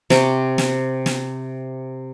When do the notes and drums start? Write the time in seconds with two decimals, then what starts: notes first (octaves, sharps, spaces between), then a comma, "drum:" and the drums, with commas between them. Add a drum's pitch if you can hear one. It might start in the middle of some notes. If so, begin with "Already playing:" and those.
0.10 C3 G5 C#6, drum: snare
0.58 drum: snare
1.06 drum: snare